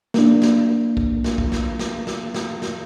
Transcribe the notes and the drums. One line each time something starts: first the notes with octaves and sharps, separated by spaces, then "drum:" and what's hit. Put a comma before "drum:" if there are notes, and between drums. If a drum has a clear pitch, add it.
A#3 D4, drum: snare
drum: snare
drum: kick
drum: snare
drum: kick
drum: snare
drum: snare
drum: snare
drum: snare
drum: snare